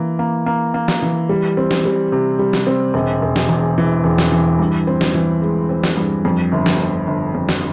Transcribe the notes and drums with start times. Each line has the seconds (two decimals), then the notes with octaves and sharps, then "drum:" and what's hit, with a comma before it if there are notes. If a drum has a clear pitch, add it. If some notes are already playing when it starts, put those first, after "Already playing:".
Already playing: E3 A#3
0.19 A#3
0.46 A#3
0.74 A#3
0.88 drum: snare
1.02 E3
1.29 G3
1.57 C4
1.71 drum: snare
1.85 G3
2.12 C3
2.39 G3
2.53 drum: snare
2.67 C4
2.94 E1
3.22 E1
3.36 drum: snare
3.49 E2
3.78 E3
4.04 E1
4.18 drum: snare
4.32 E3
4.59 G2
4.87 C4
5.01 drum: snare
5.14 E3
5.42 G#3
5.69 C4
5.84 drum: snare
5.97 G2
6.25 F2
6.52 G1
6.66 drum: snare
6.80 G1
7.07 G1
7.35 F2
7.49 drum: snare